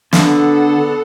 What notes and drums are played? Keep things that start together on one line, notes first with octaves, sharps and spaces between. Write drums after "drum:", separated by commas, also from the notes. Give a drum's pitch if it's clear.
D3 B3 D4 A4 F#5, drum: snare